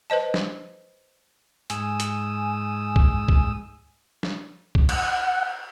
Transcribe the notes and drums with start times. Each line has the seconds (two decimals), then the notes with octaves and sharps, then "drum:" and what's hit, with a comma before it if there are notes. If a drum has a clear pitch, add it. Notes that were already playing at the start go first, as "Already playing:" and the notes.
0.10 B4 C5 D#5 A5
0.34 drum: snare
1.70 G#2 G#5 D#6 E6, drum: hi-hat
2.00 drum: hi-hat
2.96 drum: kick C2
3.29 drum: kick C2
4.23 drum: snare
4.75 drum: kick C2
4.89 F#5, drum: cymbal